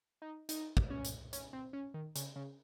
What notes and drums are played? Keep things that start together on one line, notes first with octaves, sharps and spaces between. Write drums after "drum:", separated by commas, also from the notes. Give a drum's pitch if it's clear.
D#4
D#4, drum: hi-hat
drum: kick
C#4
drum: hi-hat
C#4, drum: hi-hat
C4
C#4
D#3
C#3, drum: hi-hat
C#3